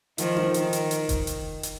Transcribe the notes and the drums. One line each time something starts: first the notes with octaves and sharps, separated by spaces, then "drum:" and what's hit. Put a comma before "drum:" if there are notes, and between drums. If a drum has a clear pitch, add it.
D#3 F3, drum: hi-hat
drum: tom D4
D#3, drum: hi-hat
drum: hi-hat
drum: hi-hat
drum: kick F1, hi-hat
drum: hi-hat
drum: hi-hat